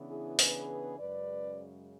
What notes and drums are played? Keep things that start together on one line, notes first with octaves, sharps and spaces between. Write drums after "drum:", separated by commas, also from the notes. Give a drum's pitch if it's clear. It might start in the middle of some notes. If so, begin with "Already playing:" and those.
Already playing: C#3 E3 B3 D4
E4 G#4
G#4 B4, drum: open hi-hat
F#2 C#3 G#3 B4 D5